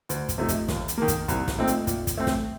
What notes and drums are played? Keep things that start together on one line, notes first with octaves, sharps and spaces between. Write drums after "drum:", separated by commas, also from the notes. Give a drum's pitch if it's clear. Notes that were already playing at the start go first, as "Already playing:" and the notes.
D2, drum: hi-hat
drum: kick, hi-hat
C3 F3 A3 D#4
drum: kick, hi-hat
D#2, drum: snare
drum: hi-hat
D#3 A#3
drum: kick, hi-hat
C2, drum: kick, hi-hat
drum: snare
A#2 A3 C4 D#4
drum: hi-hat
A#2, drum: kick, hi-hat
drum: kick, hi-hat
A3 C4
drum: snare